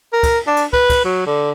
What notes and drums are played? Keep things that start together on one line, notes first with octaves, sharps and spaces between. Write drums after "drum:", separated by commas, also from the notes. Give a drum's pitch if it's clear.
A#4
drum: kick, cymbal
D4
drum: cymbal
B4, drum: kick
drum: kick, cymbal
F#3
D3